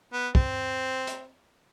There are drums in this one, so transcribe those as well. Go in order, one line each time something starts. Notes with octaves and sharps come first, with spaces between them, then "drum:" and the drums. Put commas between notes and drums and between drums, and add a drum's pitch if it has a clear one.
B3
C4, drum: kick
drum: hi-hat